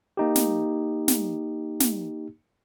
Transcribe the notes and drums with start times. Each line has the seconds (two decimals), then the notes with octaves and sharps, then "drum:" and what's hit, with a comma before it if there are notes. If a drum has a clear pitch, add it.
0.17 A#3 D#4 G4
0.35 drum: snare
1.08 drum: snare
1.80 drum: snare